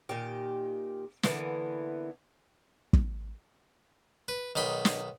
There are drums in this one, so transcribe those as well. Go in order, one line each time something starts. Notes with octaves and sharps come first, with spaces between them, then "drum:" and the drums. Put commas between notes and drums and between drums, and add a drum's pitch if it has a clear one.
A#2 D#3 G4
D3 E3 A#3 B3, drum: snare
drum: kick
B4
B1 D#3 B5 C6
drum: snare